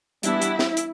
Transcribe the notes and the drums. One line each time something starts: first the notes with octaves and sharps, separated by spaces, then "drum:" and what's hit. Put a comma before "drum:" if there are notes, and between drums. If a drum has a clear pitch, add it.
E3 G3 B3 D4 E4, drum: hi-hat
drum: hi-hat
drum: snare
drum: hi-hat